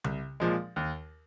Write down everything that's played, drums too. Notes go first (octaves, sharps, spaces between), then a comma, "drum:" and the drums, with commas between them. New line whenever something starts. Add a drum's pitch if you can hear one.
C2, drum: tom C#3
A#2 F3 G#3
D#2